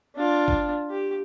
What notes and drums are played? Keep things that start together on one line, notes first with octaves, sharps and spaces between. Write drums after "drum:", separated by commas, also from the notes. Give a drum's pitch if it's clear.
D4 F4
drum: kick G#1
G4